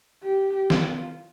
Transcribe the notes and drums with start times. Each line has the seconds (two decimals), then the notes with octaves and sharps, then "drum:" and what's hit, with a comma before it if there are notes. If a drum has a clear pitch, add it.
0.23 G4
0.70 F4, drum: snare